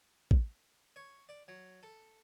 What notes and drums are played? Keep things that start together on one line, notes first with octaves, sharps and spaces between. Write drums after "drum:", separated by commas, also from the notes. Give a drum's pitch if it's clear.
drum: kick
C#5
D5
F#3
A4